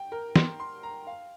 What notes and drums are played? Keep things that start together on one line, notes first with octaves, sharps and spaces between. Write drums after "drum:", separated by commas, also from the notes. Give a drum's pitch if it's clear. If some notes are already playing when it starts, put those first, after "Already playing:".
Already playing: G5
A#4
C6, drum: snare
C6
A#5
F5